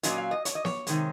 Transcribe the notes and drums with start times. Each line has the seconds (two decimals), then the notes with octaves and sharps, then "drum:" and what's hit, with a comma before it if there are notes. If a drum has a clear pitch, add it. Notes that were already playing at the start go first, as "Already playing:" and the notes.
0.03 A#2 F#3 C#4 F4 D#5, drum: hi-hat
0.18 F5
0.31 D#5
0.45 C#5, drum: hi-hat
0.55 D#5
0.65 C#5, drum: snare
0.87 C3 D#3 G#3, drum: hi-hat